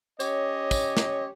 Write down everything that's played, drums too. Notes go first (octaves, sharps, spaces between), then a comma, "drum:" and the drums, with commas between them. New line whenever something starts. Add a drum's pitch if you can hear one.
C#4 G4 C#5 D#5, drum: tambourine
drum: kick, tambourine
drum: snare